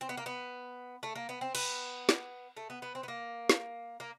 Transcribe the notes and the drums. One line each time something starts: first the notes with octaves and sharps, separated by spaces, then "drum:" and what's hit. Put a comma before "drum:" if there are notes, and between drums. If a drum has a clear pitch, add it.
C4
B3
A#3
B3
A3
A#3
B3
C4
B3, drum: cymbal
drum: snare
A3
B3
B3
C4
B3
A#3
drum: snare
A#3